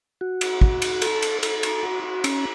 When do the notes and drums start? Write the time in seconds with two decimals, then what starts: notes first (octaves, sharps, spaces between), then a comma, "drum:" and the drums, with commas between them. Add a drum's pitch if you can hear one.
0.21 F#4
0.41 drum: cymbal
0.61 drum: kick
0.82 drum: cymbal
1.02 A4, drum: cymbal
1.22 drum: cymbal
1.43 A4, drum: cymbal
1.63 drum: cymbal
1.83 F#4
2.04 F#4
2.24 C#4, drum: cymbal